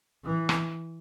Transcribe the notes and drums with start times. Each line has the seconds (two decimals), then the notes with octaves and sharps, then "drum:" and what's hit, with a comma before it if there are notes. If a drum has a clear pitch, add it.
0.24 E3
0.49 drum: rim click